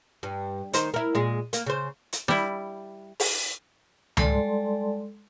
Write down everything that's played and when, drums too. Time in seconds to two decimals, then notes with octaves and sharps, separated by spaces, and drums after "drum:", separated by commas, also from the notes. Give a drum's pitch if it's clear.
0.23 G2
0.73 D#3 D#4 C5, drum: hi-hat
0.94 E4 A#4
1.15 A#2 G#3
1.53 A#3, drum: hi-hat
1.66 C#3 C5
2.13 drum: hi-hat
2.28 G3 E4, drum: snare
3.20 drum: open hi-hat
4.17 G3 G#3 A4 D5 A5 C6, drum: tom C#2